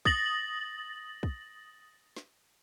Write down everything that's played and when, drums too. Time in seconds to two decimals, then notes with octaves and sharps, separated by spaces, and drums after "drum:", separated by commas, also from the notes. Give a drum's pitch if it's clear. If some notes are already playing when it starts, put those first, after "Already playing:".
0.05 D#6 A6 A#6 F#7, drum: kick
1.23 drum: kick
2.17 drum: snare